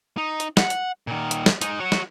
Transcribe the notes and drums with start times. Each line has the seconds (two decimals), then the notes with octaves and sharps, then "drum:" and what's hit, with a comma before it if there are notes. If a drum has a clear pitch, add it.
0.17 D#4
0.40 drum: hi-hat
0.57 F#5, drum: snare
0.70 drum: hi-hat
1.07 A#2 D#3
1.31 drum: hi-hat
1.46 drum: snare
1.61 G#3 D#4, drum: hi-hat
1.79 F#4 C#5
1.92 drum: snare